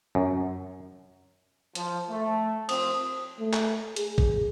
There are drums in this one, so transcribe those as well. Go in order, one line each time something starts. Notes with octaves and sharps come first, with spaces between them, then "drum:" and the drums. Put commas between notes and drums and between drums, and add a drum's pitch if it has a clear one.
F#2
F3, drum: hi-hat
A3
F3 C4 D#6, drum: cymbal
A3
drum: clap
G#4, drum: hi-hat
drum: kick A1